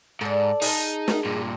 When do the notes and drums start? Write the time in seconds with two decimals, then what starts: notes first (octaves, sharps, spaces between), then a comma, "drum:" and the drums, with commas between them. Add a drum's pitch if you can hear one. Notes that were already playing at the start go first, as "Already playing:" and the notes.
0.21 G#2 A4 D5
0.62 D#4 G#4 A5, drum: open hi-hat
1.08 drum: snare
1.25 G2 A#2